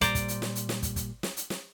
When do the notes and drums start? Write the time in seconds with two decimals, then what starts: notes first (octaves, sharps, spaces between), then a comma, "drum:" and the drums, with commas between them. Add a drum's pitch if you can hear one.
0.01 A#2 G3 C5 D5 A#5, drum: kick, hi-hat
0.15 drum: kick, hi-hat
0.28 drum: hi-hat
0.42 drum: snare
0.55 drum: hi-hat
0.69 drum: snare
0.83 drum: kick, hi-hat
0.96 drum: kick, hi-hat
1.23 drum: snare
1.37 drum: hi-hat
1.50 drum: snare